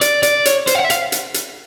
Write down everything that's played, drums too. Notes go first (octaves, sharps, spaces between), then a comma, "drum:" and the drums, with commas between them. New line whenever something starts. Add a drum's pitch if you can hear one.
D5, drum: hi-hat
D5, drum: hi-hat
C#5, drum: hi-hat
C5, drum: hi-hat
F5
F#5
E5
F5, drum: hi-hat
drum: hi-hat
drum: hi-hat